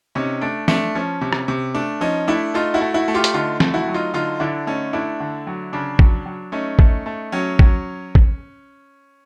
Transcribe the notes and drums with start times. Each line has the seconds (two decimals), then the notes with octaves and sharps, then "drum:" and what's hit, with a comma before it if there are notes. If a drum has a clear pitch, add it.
0.15 C3 C#4 D#4
0.41 A3 D4
0.68 A3 D4, drum: snare
0.95 F3 C#4
1.21 C3
1.33 drum: rim click
1.48 C3
1.75 A3 D4
2.01 F3 C#4 D#4
2.28 A3 D4 E4
2.54 A3 D#4 F4
2.74 E4 F#4
2.81 A3
2.94 E4 F#4
3.08 A3
3.14 F4 G4
3.24 drum: hi-hat
3.34 D3 D#4 F4
3.60 A3, drum: snare
3.74 E4 F#4
3.88 F#3
3.94 D#4 F4
4.14 D3 D#4 F4
4.40 D3 D4 E4
4.67 A3 C#4 D#4
4.93 A3 D4 E4
5.20 D3
5.47 F#3
5.73 C#3 D4
5.99 F#3, drum: kick
6.26 F#3
6.52 A3 C#4 D#4
6.79 A3, drum: kick
7.06 A3
7.32 F#3 C#4
7.59 F#3, drum: kick
8.15 drum: kick